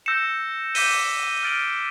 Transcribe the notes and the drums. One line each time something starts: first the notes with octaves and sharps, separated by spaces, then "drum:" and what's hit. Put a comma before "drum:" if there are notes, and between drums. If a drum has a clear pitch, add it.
E6 G6 A#6 C#7 E7
D6 G6 B6 D#7 G7, drum: open hi-hat
F6 A6 D7 F#7